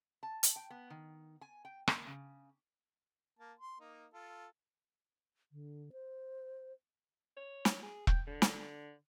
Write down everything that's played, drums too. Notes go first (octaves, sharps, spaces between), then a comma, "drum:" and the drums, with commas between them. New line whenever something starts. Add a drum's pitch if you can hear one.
A5
drum: hi-hat
G5
B3
D#3
G#5
G5
A#3, drum: rim click
C#3
A#3 A5
C6
A#3 D#4
F4 A4
D3
C5
C#5
drum: snare
G#4
G5, drum: kick E1
D3
drum: snare